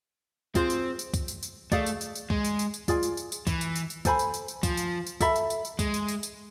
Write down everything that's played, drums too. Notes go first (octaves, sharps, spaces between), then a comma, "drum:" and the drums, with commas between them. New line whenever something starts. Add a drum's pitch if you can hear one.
C4 F4 G#4 C5, drum: kick C#2, tambourine
drum: tambourine
drum: tambourine
drum: kick C#2, tambourine
drum: tambourine
drum: tambourine
A3 G#4 D5 F5, drum: kick C#2, tambourine
drum: tambourine
drum: tambourine
drum: tambourine
G#3, drum: kick C#2
drum: tambourine
drum: tambourine
drum: tambourine
F4 G#4 D5 G#5, drum: kick C#2, tambourine
drum: tambourine
drum: tambourine
drum: tambourine
E3, drum: kick C#2, tambourine
drum: tambourine
drum: tambourine
drum: tambourine
A4 C5 G#5 B5, drum: kick C#2, tambourine
drum: tambourine
drum: tambourine
drum: tambourine
F3, drum: kick C#2, tambourine
drum: tambourine
drum: tambourine
A4 E5 B5, drum: kick C#2, tambourine
drum: tambourine
drum: tambourine
drum: tambourine
G#3, drum: kick C#2, tambourine
drum: tambourine
drum: tambourine
drum: tambourine